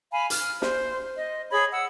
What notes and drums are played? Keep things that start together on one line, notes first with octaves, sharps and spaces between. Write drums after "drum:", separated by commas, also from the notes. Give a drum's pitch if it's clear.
F5 G#5 B5
F6, drum: hi-hat
C5, drum: snare
D#5
G#4 C#5 B5 G#6
F#5 E6